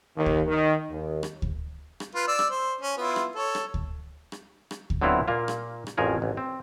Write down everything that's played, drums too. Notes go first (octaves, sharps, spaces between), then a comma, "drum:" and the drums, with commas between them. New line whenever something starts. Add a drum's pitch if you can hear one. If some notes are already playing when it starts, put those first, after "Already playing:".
D#2
drum: kick D2
D#3
D#2
drum: rim click
drum: kick D2
drum: rim click
F4 B4
D5 E6
drum: rim click
C5
C#4
B3 E4 F4
drum: rim click
A4 C#5
drum: rim click
drum: kick D2
drum: rim click
drum: rim click
drum: kick D2
D3 F#3 B3 C4 E4 F4
A#2 A#3 F4
drum: rim click
drum: rim click
A1 F2 F3 G#4 A#4 C#5
A1
C4